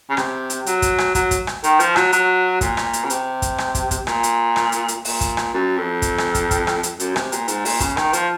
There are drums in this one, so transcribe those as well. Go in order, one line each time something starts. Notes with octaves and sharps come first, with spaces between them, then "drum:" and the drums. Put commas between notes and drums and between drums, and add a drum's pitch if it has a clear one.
C#3
C3, drum: rim click
drum: hi-hat
F#3, drum: hi-hat
drum: kick, hi-hat
drum: rim click
F#3, drum: kick, hi-hat
drum: kick, hi-hat
drum: rim click
D#3, drum: hi-hat
F3, drum: hi-hat
F#3, drum: rim click
F#3, drum: hi-hat
A#2, drum: kick, hi-hat
drum: rim click
drum: hi-hat
C#3
C3, drum: hi-hat
drum: kick, hi-hat
drum: rim click
drum: kick, hi-hat
drum: kick, hi-hat
A#2, drum: rim click
drum: hi-hat
drum: rim click
drum: hi-hat
drum: hi-hat
A#2, drum: open hi-hat
drum: kick, hi-hat
drum: rim click
F#2
F2
drum: kick, hi-hat
drum: rim click
drum: kick, hi-hat
drum: kick, hi-hat
drum: rim click
drum: hi-hat
F#2, drum: hi-hat
C3, drum: rim click
A#2, drum: hi-hat
G#2, drum: hi-hat
A#2, drum: open hi-hat
C#3, drum: kick, hi-hat
D#3, drum: rim click
F3, drum: hi-hat